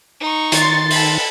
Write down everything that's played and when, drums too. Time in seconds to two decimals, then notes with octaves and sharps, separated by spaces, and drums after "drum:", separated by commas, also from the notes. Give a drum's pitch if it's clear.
0.21 D#4 C#6
0.52 D#3 C6 A6, drum: hi-hat
0.91 A4 B5, drum: open hi-hat